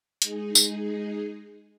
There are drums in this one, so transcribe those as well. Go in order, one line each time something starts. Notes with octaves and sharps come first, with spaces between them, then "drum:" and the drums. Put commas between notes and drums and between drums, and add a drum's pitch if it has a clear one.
G#3 D#4 G#4, drum: hi-hat
drum: tambourine